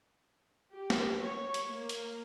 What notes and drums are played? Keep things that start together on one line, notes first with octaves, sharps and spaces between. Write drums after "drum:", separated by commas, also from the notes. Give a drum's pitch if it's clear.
G4
drum: snare
C#5
drum: hi-hat
A#3
drum: hi-hat